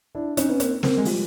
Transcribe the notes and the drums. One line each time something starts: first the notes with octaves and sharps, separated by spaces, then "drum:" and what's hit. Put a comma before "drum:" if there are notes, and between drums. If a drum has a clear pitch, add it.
D4 E4
C#4 D#4, drum: hi-hat
B3 C#4
A#3 C4, drum: hi-hat
A#3 C4, drum: snare
G#3
F3 G3, drum: open hi-hat